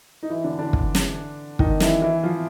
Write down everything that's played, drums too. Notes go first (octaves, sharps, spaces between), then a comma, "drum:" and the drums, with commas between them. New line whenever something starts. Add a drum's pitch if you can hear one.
D#4
E3 E4
D3 D4
D3 D4
drum: kick
drum: snare
D#3 D#4, drum: kick
E3 E4, drum: snare
E3 E4
F3 F4